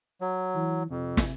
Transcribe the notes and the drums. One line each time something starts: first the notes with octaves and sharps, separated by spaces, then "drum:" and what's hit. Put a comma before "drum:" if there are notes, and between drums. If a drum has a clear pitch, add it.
F#3
E3
F2 C3
drum: snare